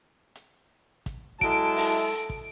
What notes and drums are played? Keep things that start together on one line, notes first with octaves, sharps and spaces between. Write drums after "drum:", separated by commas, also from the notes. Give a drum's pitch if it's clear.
drum: hi-hat
drum: kick, hi-hat
F#3 G#3 E4 A4 A5 D7, drum: kick, hi-hat
drum: open hi-hat
drum: kick